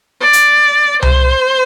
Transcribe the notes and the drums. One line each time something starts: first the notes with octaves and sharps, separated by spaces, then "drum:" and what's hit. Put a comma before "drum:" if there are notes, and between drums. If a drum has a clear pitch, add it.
D5
drum: hi-hat
C5, drum: tom C2